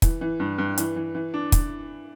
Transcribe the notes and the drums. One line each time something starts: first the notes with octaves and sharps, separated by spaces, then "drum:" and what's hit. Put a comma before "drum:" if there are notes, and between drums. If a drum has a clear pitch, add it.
E3, drum: kick, hi-hat
E3
G2
G2
E3, drum: hi-hat
E3
E3
D4
drum: kick, hi-hat